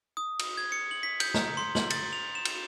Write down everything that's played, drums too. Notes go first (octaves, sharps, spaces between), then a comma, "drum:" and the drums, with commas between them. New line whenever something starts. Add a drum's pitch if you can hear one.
D#6
drum: cymbal
G#6
C#7
F#7
B6
G6, drum: cymbal
A#5, drum: snare
C6
F#7, drum: snare
A6, drum: cymbal
F7
E7
drum: cymbal